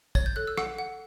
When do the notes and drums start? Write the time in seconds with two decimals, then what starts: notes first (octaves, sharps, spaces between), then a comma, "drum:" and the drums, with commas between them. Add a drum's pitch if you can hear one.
0.15 C#5 A6, drum: kick, tambourine
0.26 G6
0.36 A4 F#6
0.47 E6
0.58 F#5 E6, drum: rim click
0.78 F#5